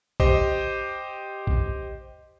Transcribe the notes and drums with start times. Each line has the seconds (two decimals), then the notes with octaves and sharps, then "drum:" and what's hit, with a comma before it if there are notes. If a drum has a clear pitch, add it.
0.20 G4 C5 D#5, drum: kick A#1
1.47 drum: kick A#1